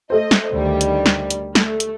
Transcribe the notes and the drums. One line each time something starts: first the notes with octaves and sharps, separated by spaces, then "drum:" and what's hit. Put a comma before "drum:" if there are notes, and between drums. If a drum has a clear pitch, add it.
A3 A4 C5 D#5
drum: snare
D2 D#3 G3
drum: hi-hat
drum: snare
drum: hi-hat
A3, drum: snare
drum: hi-hat